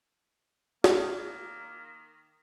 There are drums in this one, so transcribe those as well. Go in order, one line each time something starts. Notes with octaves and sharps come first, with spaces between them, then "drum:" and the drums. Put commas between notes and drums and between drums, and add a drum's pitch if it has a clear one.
D#3 A#3, drum: snare